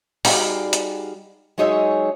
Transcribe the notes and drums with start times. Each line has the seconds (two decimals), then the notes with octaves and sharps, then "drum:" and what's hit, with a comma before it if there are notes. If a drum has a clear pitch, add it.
0.25 G3 D#4 F#4 G#4 D5 F5, drum: open hi-hat
0.73 drum: hi-hat
1.58 F#3 G#3 D#4 G#4 C#5 E5